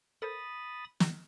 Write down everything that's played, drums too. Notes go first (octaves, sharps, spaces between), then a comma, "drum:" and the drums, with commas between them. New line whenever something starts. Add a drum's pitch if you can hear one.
A4 A#4 C5 B5 D#6 A6
drum: snare